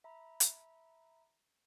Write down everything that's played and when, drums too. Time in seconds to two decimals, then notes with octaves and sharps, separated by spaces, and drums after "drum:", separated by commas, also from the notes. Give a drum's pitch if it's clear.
0.04 E5 A#5 B5
0.40 drum: hi-hat